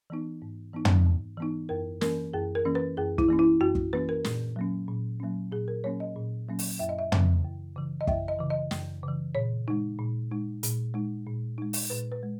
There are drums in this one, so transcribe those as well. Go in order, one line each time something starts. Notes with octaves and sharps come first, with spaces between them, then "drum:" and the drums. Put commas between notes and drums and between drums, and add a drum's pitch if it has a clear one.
E3 B3 D#4
G#2
E3 B3 D#4
drum: tom
G#2
E3 B3 D#4
F#2 A#4
E3 A#3 C#4 A#4, drum: snare
F#2 G#4
A#4
E3 A#3 C#4
B4
F#2 G#4
E4, drum: kick
E3 A#3 C#4
E4
F#2 F#4
drum: kick
E3 A#3 C#4 B4
A#4
A#2, drum: snare
F#3 A#3 C#4
A#2
F#3 A#3 C#4
A#2 G#4
A#4
F#3 A#3 C#4 C#5
D#5
A#2
F#3 A#3 C#4
drum: open hi-hat
F#2 E5
D#5
E5
C#3 E3, drum: tom
F#2
C#3 E3
D#5
F#2 E5, drum: kick
D#5
C#3 E3
D#5
F#2, drum: snare
C#3 E3
A#2 C#5
G#3 D#4
A#2
G#3 D#4
A#2, drum: hi-hat
G#3 D#4
A#2
G#3 D#4
drum: open hi-hat
A#2 B4
B4
G#3